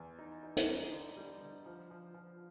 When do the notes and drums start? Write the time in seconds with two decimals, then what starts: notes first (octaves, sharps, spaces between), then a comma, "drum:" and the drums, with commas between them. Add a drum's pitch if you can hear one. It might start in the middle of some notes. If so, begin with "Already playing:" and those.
Already playing: E2
0.19 D#4
0.43 D#4
0.57 drum: hi-hat
0.68 D#4
0.92 D3
1.17 G3
1.41 D3
1.66 F3
1.91 F3
2.14 F3